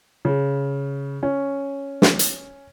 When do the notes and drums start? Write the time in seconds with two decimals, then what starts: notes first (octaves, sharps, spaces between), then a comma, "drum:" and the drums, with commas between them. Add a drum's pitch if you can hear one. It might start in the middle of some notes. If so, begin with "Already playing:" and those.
0.25 C#3
1.23 C#4
2.02 drum: snare
2.19 drum: hi-hat